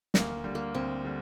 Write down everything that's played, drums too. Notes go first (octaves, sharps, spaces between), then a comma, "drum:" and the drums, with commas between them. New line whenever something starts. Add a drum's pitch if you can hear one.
D2 A#3, drum: snare
D3 G3
A#3
D2 C4
D3 G3